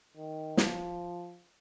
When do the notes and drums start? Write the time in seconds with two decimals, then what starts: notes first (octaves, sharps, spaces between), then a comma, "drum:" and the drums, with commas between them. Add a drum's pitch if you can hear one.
0.17 D#3
0.57 F3, drum: snare